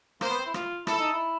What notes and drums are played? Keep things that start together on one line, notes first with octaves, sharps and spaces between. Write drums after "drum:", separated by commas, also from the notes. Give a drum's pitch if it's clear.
A#3 C5, drum: rim click
B3
C4
E4
F4, drum: rim click
E4 A4, drum: rim click
D#4
E4